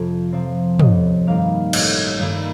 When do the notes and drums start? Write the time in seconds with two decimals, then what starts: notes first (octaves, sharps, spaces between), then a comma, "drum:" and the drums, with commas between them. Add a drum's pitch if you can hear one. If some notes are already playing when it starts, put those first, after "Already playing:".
Already playing: F2 C3 F3 C4
0.32 C3 F3 C4
0.79 A1 D#5, drum: tom
1.27 G2 D#3 G3 A#3 F5
1.73 A1 D#5, drum: cymbal
2.19 G2 D#3 G3 A#3